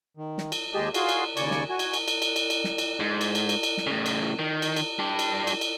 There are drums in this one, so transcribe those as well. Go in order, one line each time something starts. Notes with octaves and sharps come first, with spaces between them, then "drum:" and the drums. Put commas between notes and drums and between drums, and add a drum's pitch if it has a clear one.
D#3
drum: snare
drum: cymbal
D#2 G#3 G4 G#4 D#5 A5
F4 F#4 G#4 F5, drum: cymbal
drum: cymbal
D#2 C#3 D5 G#5 C#6, drum: cymbal
drum: snare
F#4 G#5
drum: cymbal
drum: cymbal
drum: cymbal
drum: cymbal
drum: cymbal
drum: cymbal
drum: snare
drum: cymbal
G#2
drum: cymbal
drum: cymbal
drum: cymbal
drum: cymbal
drum: snare
A2 C#3
drum: cymbal
D#3
drum: cymbal
drum: cymbal
G3 D4
drum: cymbal
drum: cymbal
drum: cymbal